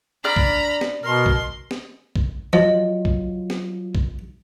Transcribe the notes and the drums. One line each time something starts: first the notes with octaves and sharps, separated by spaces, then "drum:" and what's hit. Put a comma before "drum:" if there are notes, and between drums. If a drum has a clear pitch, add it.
D4 D5 A#5 B5 F6
drum: kick
drum: snare
B2 A#4 C6
drum: kick
drum: snare
drum: kick
F3 F#3 F4 D#5
drum: kick
drum: snare
drum: kick